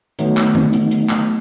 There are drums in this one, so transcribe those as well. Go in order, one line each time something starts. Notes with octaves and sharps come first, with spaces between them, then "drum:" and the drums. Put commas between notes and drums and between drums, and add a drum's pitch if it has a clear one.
D#3 F#3 A3 B3, drum: hi-hat
drum: clap
drum: tom D#3
drum: hi-hat
drum: hi-hat
drum: clap